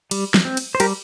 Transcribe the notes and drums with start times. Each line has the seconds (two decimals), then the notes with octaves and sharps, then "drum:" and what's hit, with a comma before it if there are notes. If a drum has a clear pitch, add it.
0.11 G3, drum: cymbal
0.34 drum: snare
0.45 C4
0.57 drum: cymbal
0.75 C5
0.80 G3 G4 A#4, drum: cymbal